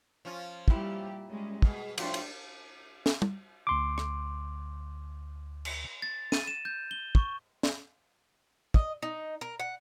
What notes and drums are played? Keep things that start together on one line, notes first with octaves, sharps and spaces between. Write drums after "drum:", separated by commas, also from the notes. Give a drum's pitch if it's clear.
F3 C#4 F4
A#2 G3 E4 G4, drum: kick
G3 G#3 C#4
B2 G#4, drum: kick
A2 F3 C4 D4 F4 F#4, drum: cymbal
drum: cymbal
drum: snare
drum: tom
D2 C6 D6
drum: rim click
drum: cymbal
A6
D#7, drum: snare
E7
G6
G7
C#6, drum: kick
drum: snare
D#5, drum: kick
D#4
A#4
F#5